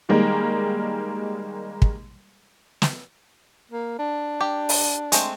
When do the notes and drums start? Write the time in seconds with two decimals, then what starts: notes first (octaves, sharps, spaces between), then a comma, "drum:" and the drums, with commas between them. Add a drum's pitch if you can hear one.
0.09 D#3 G3 G#3 A#3 A#4
1.82 drum: kick
2.82 drum: snare
3.70 A#3
3.99 D4
4.41 G4
4.69 drum: open hi-hat
5.12 G#3 A3 C4, drum: hi-hat